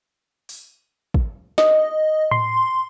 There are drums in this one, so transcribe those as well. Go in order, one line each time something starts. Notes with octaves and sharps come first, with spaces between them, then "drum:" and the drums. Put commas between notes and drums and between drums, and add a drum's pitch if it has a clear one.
drum: open hi-hat
drum: kick
D#5, drum: snare
C6, drum: tom A2